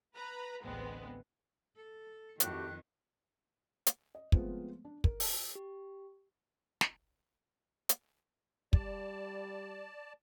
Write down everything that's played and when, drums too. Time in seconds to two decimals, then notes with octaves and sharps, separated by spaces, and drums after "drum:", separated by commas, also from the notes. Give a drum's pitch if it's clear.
0.15 B4 A#5 B5
0.62 A1 D2 G#3 B3 C4
1.76 A4
2.40 F2 A2 D#3 F#4 G4 F#6, drum: hi-hat
3.86 drum: hi-hat
4.15 D#5
4.32 F3 G#3 A3 B3 C4 F4, drum: kick
4.85 D4
5.04 A#4, drum: kick
5.20 drum: open hi-hat
5.55 G4
6.81 drum: snare
7.89 drum: hi-hat
8.73 G3 D5 A5, drum: kick